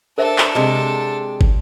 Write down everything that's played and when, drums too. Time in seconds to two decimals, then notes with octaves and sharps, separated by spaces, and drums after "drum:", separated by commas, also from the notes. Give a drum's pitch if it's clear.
0.18 D4 A4 A#4 C5 E5
0.38 drum: clap
0.55 C3 G#3
1.41 drum: kick